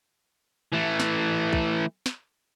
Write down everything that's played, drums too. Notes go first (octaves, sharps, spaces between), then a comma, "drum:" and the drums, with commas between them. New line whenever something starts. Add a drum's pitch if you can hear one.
E3 A3
drum: snare
drum: kick
drum: snare